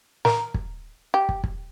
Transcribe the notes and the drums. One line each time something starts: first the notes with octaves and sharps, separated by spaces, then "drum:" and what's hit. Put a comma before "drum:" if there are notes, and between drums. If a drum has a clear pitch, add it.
A#4, drum: snare
drum: kick
G4
drum: kick
drum: kick